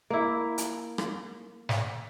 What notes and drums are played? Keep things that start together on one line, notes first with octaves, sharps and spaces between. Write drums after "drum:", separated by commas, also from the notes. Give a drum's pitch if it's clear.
A#3 E4
drum: hi-hat
drum: rim click
drum: snare